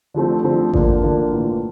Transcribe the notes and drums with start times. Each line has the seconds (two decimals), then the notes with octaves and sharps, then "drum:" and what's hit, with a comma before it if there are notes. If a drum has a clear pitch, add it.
0.14 D3 F3 A3 C4
0.44 D3 F3 A3 C4
0.74 D3 F3 A#3 D4, drum: kick G#1
1.03 D3 F3 A#3 D4
1.32 A2 E3 A#3 F4